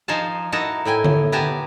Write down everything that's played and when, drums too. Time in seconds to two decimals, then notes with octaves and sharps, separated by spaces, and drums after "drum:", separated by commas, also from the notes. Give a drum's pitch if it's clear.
0.08 F3 D#4 C5 F5 G#5 A5
0.52 D#4 E4 F#4 A#4 D#5 A5
0.85 A2 E4 G5 G#5
1.04 drum: tom D3
1.32 B3 G4 A#4 G#5 A5